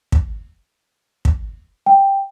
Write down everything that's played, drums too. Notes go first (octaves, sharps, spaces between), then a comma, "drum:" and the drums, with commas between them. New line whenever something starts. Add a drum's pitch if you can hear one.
drum: kick
drum: kick
G5